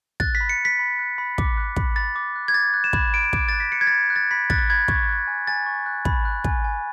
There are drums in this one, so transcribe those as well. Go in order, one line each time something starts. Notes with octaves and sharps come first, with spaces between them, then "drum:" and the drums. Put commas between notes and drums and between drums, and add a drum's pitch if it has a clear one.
F#6 A6, drum: kick
B6
B5
C#7
F#6
B6
B5
F#6
B5
D6, drum: kick
F#6
B5, drum: kick
B5 A6
D6
F#6
G#6
D6 A6
F#6
E7
B5, drum: kick
B5 D7
D6, drum: kick
F#6 A6
B6
F#6 C#7
G#6
B5 A6
F#6
A6
B5 B6
F#6 A6, drum: kick
B5 G#6
C#6, drum: kick
F#6
G#5
G#5 A6
C#6
F#6
B5, drum: kick
F#6
G#5, drum: kick
G#5